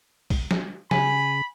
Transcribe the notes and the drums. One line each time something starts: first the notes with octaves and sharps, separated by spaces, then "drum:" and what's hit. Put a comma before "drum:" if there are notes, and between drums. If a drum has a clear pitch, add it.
drum: kick, open hi-hat
drum: snare
C#3 G#5 B5, drum: snare